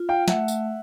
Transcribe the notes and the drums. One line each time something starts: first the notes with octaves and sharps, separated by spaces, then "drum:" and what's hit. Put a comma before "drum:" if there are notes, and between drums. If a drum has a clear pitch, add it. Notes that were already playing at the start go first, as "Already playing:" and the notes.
Already playing: F4
F5 G5
A3 E5 F#5, drum: snare
drum: tambourine